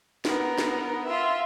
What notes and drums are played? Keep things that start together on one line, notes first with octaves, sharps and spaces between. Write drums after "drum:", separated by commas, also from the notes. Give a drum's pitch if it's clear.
B3 A#4, drum: snare
drum: snare
F4 E5